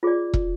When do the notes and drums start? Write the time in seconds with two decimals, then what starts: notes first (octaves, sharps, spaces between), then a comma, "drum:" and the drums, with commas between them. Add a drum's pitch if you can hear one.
0.03 F4 G#4 D5
0.34 drum: kick